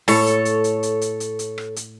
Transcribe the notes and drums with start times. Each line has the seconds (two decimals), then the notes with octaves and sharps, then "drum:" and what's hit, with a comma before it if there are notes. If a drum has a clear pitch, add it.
0.08 A2 A4 C#5, drum: open hi-hat
0.27 drum: hi-hat
0.45 drum: hi-hat
0.64 drum: hi-hat
0.83 drum: hi-hat
1.01 drum: hi-hat
1.20 drum: hi-hat
1.39 drum: hi-hat
1.58 drum: rim click
1.76 drum: hi-hat